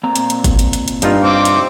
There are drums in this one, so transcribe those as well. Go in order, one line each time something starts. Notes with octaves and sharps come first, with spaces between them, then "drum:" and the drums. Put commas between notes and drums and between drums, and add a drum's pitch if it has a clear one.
A#2 C4 A#5
drum: hi-hat
drum: hi-hat
drum: kick, hi-hat
drum: hi-hat
drum: hi-hat
drum: hi-hat
G2 D#4 F4, drum: hi-hat
C4 D6
drum: hi-hat